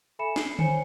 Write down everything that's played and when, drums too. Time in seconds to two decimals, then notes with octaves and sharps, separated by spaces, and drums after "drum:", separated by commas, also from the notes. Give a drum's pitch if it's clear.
0.19 A4 E5 G#5 B5 C#7 E7
0.36 C7, drum: snare
0.59 C5 C#5 G#5 C#7, drum: tom D3